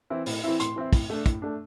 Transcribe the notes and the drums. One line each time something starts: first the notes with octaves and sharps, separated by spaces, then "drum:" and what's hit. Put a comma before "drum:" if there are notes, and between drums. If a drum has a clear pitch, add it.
E3 C4 E4
A2, drum: open hi-hat
E3 C4 E4
A2 C6, drum: hi-hat
E3 C4 E4
A2, drum: kick, open hi-hat
A3 D4
A2, drum: kick, hi-hat
A3 D4